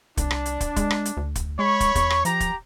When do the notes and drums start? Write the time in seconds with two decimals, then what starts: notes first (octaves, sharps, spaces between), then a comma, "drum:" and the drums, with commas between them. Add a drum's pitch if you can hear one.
0.17 C2 D4, drum: kick, hi-hat
0.31 drum: rim click
0.46 drum: hi-hat
0.61 drum: kick, hi-hat
0.76 G#3, drum: kick, hi-hat
0.90 drum: rim click
1.05 drum: hi-hat
1.17 D2
1.35 drum: kick, hi-hat
1.59 G#3 C#5 B5 C#6
1.80 drum: kick, hi-hat
1.95 E2, drum: kick, hi-hat
2.10 drum: rim click
2.25 F3 G4 A#5, drum: hi-hat
2.40 drum: kick, hi-hat